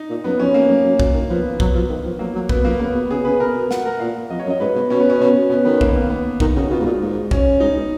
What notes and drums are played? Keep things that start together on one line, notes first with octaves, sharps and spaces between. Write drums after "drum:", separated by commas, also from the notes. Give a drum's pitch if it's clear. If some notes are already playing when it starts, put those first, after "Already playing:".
Already playing: D#4
A#2
F#2 B3
F2 C#4
A#3
F#2
F#2
F#2, drum: kick
D#3
F3 B3
F#3, drum: kick
F3
D#3
F3
F#3 A#3
F#3
B3, drum: kick
F3 A#3
C#3 B3
B2
C#3 G#4
C#3 B4
B2 A#4
B2
F#5, drum: snare
A#4
A#2 F5
F2 D#5
C#5
F#2
D#5
G#2 B4
B2
B2 C#4
B3
C#4
B2
B2 B3
D#3 B3
A#3, drum: kick
B3
A#3
B3
D#3 D#4, drum: kick
C#3 F#4
B2 F4
G#2
A#2
G#2
C#4, drum: kick
G#2 D#4
B2